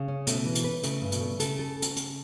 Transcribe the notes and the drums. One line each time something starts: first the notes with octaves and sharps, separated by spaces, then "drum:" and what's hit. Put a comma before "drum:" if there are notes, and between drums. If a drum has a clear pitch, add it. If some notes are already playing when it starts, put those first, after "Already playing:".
Already playing: C#3
C#4
B2 A3, drum: hi-hat
E3
drum: hi-hat
B4
C#3 A3, drum: hi-hat
G2
B2, drum: hi-hat
A3
C#3 A4, drum: hi-hat
A4
drum: hi-hat
drum: hi-hat